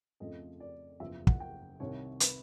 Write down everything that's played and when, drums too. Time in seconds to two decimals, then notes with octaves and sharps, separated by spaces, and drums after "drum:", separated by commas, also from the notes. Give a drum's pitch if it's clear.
0.20 F2 C#3 F3 A3 D#5
0.60 D5
1.00 F#1 E2 C#3 F3 E5
1.27 F#5, drum: kick
1.40 G5
1.80 C2 C3 D#3 C#5
2.20 B4, drum: hi-hat